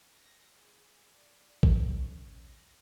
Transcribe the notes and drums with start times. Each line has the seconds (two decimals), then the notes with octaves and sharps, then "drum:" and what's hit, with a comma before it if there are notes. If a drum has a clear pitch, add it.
0.14 A#6
0.55 G#4
1.09 D5
1.63 drum: kick A1
1.92 C#4
2.43 A#6